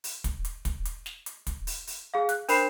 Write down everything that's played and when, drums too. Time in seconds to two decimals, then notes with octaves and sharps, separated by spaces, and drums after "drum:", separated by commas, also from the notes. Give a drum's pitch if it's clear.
0.04 drum: open hi-hat
0.24 drum: kick, hi-hat
0.45 drum: hi-hat
0.65 drum: kick, hi-hat
0.85 drum: hi-hat
1.06 drum: snare
1.26 drum: hi-hat
1.47 drum: kick, hi-hat
1.67 drum: open hi-hat
1.87 drum: open hi-hat
2.14 G#4 F5
2.29 F#6, drum: hi-hat
2.49 D4 A#4 C5 B5 C7 E7, drum: open hi-hat